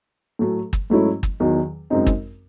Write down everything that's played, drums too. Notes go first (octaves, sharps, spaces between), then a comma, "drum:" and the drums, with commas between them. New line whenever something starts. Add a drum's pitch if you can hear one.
A2 F#3 A3
drum: kick
G#2 F#3 A3 C#4 E4
drum: kick
E2 D#3 F#3
F#2 C#3 G#3 C4 D#4
drum: kick